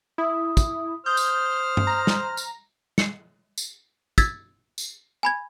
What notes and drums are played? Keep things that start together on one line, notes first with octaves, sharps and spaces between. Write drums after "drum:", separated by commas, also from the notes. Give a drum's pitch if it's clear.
E4 D#6
drum: kick, tambourine
C5 D#6 F6 G6
drum: tambourine
drum: tom G2
A#5
drum: snare
drum: tambourine
C7 C#7, drum: snare
drum: tambourine
E6 G#6 A6 B6, drum: kick, tambourine
drum: tambourine
G#5 B5 G#6